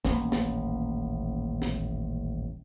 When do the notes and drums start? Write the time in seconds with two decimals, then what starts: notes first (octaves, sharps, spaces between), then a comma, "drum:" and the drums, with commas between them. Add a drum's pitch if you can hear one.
0.05 D#1 A1 A#3 C#4, drum: snare
0.32 drum: snare
1.62 drum: snare